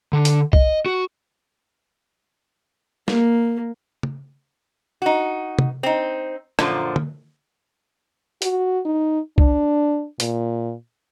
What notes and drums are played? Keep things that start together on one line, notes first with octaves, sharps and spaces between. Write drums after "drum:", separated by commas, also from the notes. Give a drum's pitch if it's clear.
D3
drum: hi-hat
D#5, drum: kick C2
F#4
A#3, drum: snare
drum: tom C#3
D#4 F#4
drum: tom
C4 D#4
F#2 A#2 D3 F3, drum: rim click
drum: tom D3
F#4, drum: hi-hat
D#4
D4, drum: kick C2
A#2, drum: hi-hat